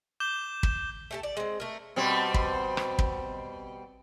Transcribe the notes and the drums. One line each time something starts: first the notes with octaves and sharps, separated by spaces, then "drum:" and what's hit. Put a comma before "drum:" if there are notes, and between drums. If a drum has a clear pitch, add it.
D6 G6 E7 G7
drum: kick
A3 G4 A5
D5
G#3 C4
A3 A#4
B2 G3 C4
drum: kick
drum: rim click
drum: kick